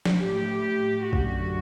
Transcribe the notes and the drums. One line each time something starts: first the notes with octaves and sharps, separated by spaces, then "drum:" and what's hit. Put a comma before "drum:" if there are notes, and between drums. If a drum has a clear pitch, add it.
drum: snare
A2 G4
F#2 D3 F#4, drum: kick